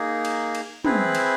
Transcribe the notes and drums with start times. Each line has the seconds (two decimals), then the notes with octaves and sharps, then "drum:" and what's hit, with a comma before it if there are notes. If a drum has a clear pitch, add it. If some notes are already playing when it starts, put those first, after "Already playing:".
Already playing: A#3 D#4 G#4
0.25 drum: cymbal
0.55 drum: cymbal
0.85 C4 E4 G#4 B4, drum: tom
1.15 drum: cymbal